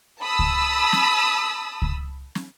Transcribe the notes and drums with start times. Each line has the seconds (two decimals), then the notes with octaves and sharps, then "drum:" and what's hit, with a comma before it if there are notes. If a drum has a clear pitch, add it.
0.21 A5 B5 D#6 E6
0.39 drum: kick C#2
0.93 drum: snare
1.82 drum: kick C#2
2.35 drum: snare